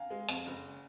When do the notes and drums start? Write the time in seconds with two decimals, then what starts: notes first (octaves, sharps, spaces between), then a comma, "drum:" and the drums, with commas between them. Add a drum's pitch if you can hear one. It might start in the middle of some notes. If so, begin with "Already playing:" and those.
Already playing: F5 F#5 G#5 A#5
0.10 G#3
0.29 F2, drum: hi-hat
0.46 F#1